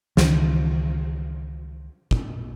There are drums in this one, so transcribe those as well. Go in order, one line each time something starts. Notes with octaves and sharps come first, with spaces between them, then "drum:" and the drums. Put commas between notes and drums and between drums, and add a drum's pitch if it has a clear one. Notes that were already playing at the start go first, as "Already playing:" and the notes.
C#2 D#3 E3, drum: snare
drum: kick